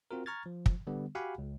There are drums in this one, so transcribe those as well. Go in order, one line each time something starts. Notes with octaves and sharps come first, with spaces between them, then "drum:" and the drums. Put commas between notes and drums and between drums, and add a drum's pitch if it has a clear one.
C4 F4 F#4 A#4
A#5 C#6 F6 G#6 A6
F3
drum: kick
D3 G3 B3
F#4 G4 F5 F#5 G#5 B5
C#2